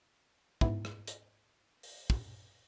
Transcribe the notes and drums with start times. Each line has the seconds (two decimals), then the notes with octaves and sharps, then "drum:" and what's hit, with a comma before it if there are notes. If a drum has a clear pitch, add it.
0.61 G#2 B3 E4 E5, drum: kick
0.85 drum: rim click
1.07 drum: hi-hat
1.83 drum: open hi-hat
2.10 drum: kick